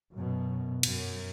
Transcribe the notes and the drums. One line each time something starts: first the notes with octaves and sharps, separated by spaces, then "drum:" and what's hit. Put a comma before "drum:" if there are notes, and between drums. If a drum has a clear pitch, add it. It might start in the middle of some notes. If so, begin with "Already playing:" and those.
F#2 B2
F#2, drum: cymbal